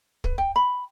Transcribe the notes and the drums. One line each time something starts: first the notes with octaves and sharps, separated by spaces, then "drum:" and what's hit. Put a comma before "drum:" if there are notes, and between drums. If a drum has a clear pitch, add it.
B4, drum: kick
G5
B5